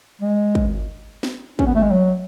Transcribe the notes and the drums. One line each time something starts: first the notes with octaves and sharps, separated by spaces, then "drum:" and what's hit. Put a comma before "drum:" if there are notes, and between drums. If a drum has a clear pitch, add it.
G#3
drum: kick
drum: snare
C#4, drum: kick
B3
A3
G#3
F#3